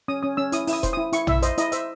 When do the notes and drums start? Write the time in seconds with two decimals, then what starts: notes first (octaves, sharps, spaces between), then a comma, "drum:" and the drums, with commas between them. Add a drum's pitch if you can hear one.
0.08 C#4 D#6
0.23 C#4 D#6
0.37 C#4 E6
0.52 E4 D#6, drum: hi-hat
0.67 E4, drum: open hi-hat
0.73 D#6
0.83 C5, drum: kick E1, hi-hat
0.93 E4 D#6
1.13 E4 C#6, drum: hi-hat
1.27 E4 E5, drum: tom
1.42 C5 D#5, drum: hi-hat
1.58 E4 D#5, drum: hi-hat
1.72 C5 E5, drum: hi-hat